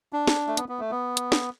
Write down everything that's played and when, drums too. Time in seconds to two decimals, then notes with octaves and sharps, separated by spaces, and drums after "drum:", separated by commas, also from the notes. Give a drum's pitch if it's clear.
0.13 D4
0.27 drum: snare
0.48 A3
0.57 B3, drum: hi-hat
0.69 B3
0.79 A3
0.91 B3
1.17 drum: hi-hat
1.32 drum: snare